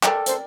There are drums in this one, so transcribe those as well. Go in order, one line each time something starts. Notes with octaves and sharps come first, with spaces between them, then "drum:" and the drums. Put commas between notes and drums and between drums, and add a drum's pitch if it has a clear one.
A4 A#4 D5 G5 A#5, drum: clap
C5, drum: hi-hat